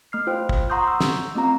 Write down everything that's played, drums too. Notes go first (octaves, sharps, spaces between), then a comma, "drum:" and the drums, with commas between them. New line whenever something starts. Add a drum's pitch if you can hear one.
A3 F6 C7
F4 C5 G5
drum: kick
F#5 A#5 C6 C#6 D#6 G6
C#6 E6
drum: snare
A3 C4 F4 A#5